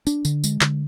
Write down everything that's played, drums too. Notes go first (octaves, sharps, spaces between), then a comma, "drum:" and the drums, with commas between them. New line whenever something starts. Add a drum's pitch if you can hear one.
D4, drum: tambourine
D3, drum: tambourine
G#3, drum: tambourine
D3, drum: clap